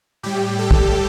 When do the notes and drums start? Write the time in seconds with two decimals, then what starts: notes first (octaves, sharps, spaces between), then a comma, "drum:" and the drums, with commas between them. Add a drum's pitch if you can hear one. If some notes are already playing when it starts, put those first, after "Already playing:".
0.23 A2 G3 G4
0.59 A4
0.71 drum: kick